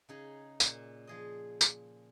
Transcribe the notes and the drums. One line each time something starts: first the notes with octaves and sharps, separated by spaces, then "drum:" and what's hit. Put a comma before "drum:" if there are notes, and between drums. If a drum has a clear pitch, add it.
C#3 D#4 G#4
A#2, drum: tambourine
F3 G#4 D#5
drum: tambourine